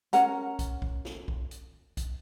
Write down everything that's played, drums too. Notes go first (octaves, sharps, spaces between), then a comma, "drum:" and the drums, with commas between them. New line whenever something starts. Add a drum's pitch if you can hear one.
C#4 A#4 F#5 A#5, drum: hi-hat
drum: kick, hi-hat
drum: kick
drum: snare
drum: kick
drum: hi-hat
drum: kick, hi-hat